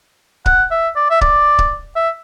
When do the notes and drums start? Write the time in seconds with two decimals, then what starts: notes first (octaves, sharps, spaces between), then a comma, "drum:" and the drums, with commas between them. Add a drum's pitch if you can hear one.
0.46 F#5, drum: kick C#1
0.71 E5
0.96 D5
1.10 E5
1.21 D5, drum: kick C#1
1.58 drum: kick C#1
1.96 E5